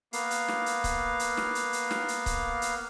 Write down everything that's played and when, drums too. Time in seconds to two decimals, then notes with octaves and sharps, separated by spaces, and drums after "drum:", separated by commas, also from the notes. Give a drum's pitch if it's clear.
0.13 A#3 B3 F5, drum: hi-hat
0.31 drum: hi-hat
0.48 drum: snare
0.66 drum: hi-hat
0.84 drum: kick C#1, hi-hat
1.19 drum: hi-hat
1.37 drum: snare
1.55 drum: hi-hat
1.73 drum: hi-hat
1.91 drum: snare
2.08 drum: hi-hat
2.26 drum: kick C#1, hi-hat
2.62 drum: hi-hat